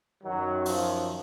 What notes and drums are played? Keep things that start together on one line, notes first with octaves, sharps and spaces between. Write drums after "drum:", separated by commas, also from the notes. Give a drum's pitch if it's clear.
F#2 D#3 F#3
F3, drum: open hi-hat